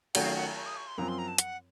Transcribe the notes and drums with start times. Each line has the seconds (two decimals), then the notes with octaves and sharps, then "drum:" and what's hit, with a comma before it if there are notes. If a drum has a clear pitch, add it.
0.15 D#3 F#3 A3 C#4 F#4 F#5, drum: cymbal
0.25 F5
0.35 F#5
0.57 C#6
0.66 D#6
0.77 C#6
0.87 C6
0.98 F#2 F3 C4 A#5
1.08 C6
1.18 A#5
1.28 A5
1.38 F#5, drum: hi-hat